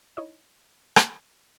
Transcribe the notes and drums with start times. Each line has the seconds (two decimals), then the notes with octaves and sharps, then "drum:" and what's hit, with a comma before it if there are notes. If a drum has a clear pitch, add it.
0.17 D#4 E4 C#5 D#5
0.96 drum: rim click